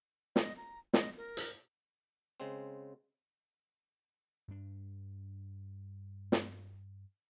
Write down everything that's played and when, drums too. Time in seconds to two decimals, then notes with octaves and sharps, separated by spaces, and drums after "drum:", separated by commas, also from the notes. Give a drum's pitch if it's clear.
0.36 D#5, drum: snare
0.57 A#5
0.93 D#5, drum: snare
1.17 A#4
1.37 drum: hi-hat
2.40 C#3 G#3 C4
4.48 G2 D4
6.32 drum: snare